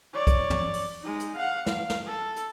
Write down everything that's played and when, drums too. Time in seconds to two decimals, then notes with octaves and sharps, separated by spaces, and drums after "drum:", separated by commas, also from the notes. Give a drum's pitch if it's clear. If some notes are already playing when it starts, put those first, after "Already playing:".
0.14 C#5 D5
0.27 drum: kick, hi-hat
0.50 drum: tom
0.73 drum: open hi-hat
1.01 G#3 D#4
1.20 drum: hi-hat
1.35 F5 F#5
1.66 F5, drum: snare
1.90 drum: snare
2.06 A4
2.36 drum: hi-hat